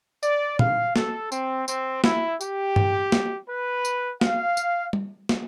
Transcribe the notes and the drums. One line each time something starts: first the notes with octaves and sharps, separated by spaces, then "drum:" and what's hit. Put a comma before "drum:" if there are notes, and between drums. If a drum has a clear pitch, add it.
D5, drum: tambourine
F5, drum: tom
A4, drum: snare
C4, drum: tambourine
C4, drum: tambourine
E4, drum: snare
G4, drum: tambourine
drum: tom G2
drum: snare
B4
drum: tambourine
F5, drum: snare
drum: tambourine
drum: tom G3
drum: snare